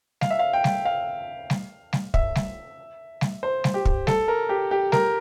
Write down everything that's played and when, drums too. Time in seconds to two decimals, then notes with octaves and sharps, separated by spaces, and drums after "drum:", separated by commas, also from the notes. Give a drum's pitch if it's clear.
0.21 F5, drum: snare G3
0.30 E5
0.39 F5
0.53 G5
0.64 drum: snare G3
0.85 F5
1.50 drum: snare G3
1.93 drum: snare G3
2.14 E5, drum: kick
2.35 drum: snare G3
3.21 drum: snare G3
3.43 C5
3.64 drum: snare G3
3.74 G4
3.85 drum: kick
4.07 A4, drum: snare G3
4.28 A#4
4.49 G4
4.71 G4
4.92 A#4, drum: snare G3